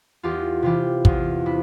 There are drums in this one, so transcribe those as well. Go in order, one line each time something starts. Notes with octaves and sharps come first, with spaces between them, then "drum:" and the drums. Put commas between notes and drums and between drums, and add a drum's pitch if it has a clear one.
E2 F4 G4
C3 E3 F4 G4
E2 F4, drum: kick
C3 E4